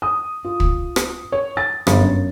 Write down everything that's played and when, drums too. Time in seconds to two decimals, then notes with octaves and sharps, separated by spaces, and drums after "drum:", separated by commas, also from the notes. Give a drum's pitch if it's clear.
0.02 D#6
0.45 F4
0.60 drum: kick
0.96 drum: rim click
1.32 C#5
1.57 A6
1.87 G1, drum: rim click
1.99 F#2